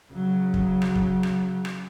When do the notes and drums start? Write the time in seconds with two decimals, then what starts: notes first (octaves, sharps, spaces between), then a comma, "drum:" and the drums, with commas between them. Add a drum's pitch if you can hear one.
0.12 C#3 F#3
0.54 drum: kick
0.82 drum: rim click
0.95 drum: kick
1.23 drum: rim click
1.65 drum: rim click